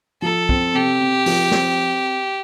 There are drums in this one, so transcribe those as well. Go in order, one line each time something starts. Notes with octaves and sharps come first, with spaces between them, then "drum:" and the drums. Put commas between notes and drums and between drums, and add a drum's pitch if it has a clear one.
F3 A4
C4, drum: kick
C3 G4
C3
F3, drum: open hi-hat
C4, drum: snare